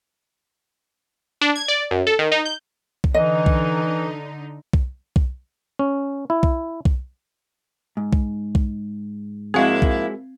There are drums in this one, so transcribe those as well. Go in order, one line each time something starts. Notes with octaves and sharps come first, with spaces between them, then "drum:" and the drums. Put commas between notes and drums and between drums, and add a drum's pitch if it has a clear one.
D4
G#6
D5
F#2
A4
D#3
D#4
G6
drum: kick B1
D3 E3 D#4 D#5
drum: kick B1
drum: kick B1
drum: kick B1
C#4
E4
drum: kick B1
drum: kick B1
G#2
drum: kick B1
drum: kick B1
F3 G#3 A#3 C4 E4 F#4 G#4 F5
drum: kick B1